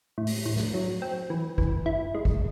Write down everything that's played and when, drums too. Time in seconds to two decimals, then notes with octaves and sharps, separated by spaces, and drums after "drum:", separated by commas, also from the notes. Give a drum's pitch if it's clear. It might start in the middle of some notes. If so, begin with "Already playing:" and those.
0.18 A2
0.27 drum: open hi-hat
0.46 A2
0.56 drum: snare
0.74 F#3
1.02 C4
1.30 E3
1.58 E3, drum: kick
1.86 E4
2.15 G#3
2.25 drum: kick